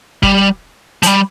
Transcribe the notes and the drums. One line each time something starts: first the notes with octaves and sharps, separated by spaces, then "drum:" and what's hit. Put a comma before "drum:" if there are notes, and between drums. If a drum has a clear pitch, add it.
G3, drum: kick
F3, drum: hi-hat
G3